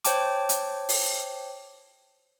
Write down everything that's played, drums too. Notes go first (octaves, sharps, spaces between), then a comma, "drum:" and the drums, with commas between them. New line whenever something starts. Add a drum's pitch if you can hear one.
C5 C#5 G5 A5 D6, drum: hi-hat
drum: hi-hat
drum: open hi-hat